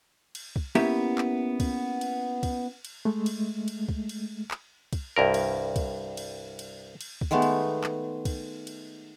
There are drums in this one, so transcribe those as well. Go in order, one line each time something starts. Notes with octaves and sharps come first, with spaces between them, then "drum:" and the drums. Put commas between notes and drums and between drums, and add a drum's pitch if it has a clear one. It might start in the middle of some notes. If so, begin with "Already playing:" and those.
drum: cymbal
drum: kick
A#3 B3 C#4 E4 G4 E5, drum: cymbal
drum: clap
drum: kick, cymbal
drum: cymbal
drum: kick, cymbal
drum: cymbal
G#3 A3
drum: cymbal
drum: cymbal
drum: kick
drum: cymbal
drum: clap
drum: kick, cymbal
C2 G2 A#4
drum: cymbal
drum: kick, cymbal
drum: cymbal
drum: cymbal
drum: cymbal
drum: kick
D#3 G#3 A3 B3
drum: cymbal
drum: clap
drum: kick, cymbal
drum: cymbal